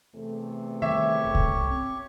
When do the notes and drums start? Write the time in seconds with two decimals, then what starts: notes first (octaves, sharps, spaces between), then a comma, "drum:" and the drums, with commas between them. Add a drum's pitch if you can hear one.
0.14 E2 C3 A3
0.82 D#3 G3 G4 C#5 E5 C#6
1.25 G1
1.35 drum: kick C2
1.71 C4